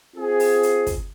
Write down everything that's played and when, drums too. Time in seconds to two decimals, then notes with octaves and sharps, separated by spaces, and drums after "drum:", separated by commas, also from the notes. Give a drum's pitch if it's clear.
0.16 C4 F4 G#4
0.40 drum: open hi-hat
0.63 drum: hi-hat
0.87 drum: kick, hi-hat